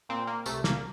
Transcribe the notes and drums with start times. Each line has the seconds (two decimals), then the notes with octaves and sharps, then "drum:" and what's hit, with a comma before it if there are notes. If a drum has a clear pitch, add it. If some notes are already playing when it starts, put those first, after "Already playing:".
0.09 A#2 C4
0.27 A#3
0.46 C2 A3, drum: tambourine
0.64 A#3, drum: snare